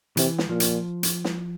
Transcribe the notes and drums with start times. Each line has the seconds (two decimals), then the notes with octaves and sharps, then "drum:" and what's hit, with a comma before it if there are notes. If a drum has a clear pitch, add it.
0.17 C3 E3, drum: hi-hat
0.38 drum: snare
0.49 A#2 F3
0.60 drum: hi-hat
1.03 drum: hi-hat
1.24 drum: snare